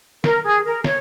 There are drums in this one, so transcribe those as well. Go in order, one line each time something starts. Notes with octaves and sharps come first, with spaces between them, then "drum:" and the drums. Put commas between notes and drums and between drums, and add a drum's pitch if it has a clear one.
A#4, drum: snare
G#4
A#4
C#5, drum: snare